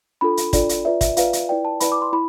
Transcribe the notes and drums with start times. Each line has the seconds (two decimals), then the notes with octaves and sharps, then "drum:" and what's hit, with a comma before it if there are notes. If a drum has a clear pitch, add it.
0.21 D4 F4 A4 B5
0.37 drum: hi-hat
0.53 D4 F4 A4 D5, drum: kick, hi-hat
0.69 drum: hi-hat
0.85 F4 B4 D5 E5
1.01 E5, drum: kick, hi-hat
1.17 F4 B4 D5 F5, drum: hi-hat
1.33 drum: hi-hat
1.49 E4 B4 D5 G5
1.65 A5
1.80 E4 B4 D5 B5, drum: hi-hat
1.92 D6
2.02 C6
2.13 E4 B5